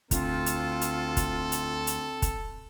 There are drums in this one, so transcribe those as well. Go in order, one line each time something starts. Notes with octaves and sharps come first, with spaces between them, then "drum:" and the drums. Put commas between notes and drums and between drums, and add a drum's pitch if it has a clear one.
D2 C4 F4 A4, drum: kick, hi-hat
drum: hi-hat
drum: hi-hat
drum: kick, hi-hat
drum: hi-hat
drum: hi-hat
drum: kick, hi-hat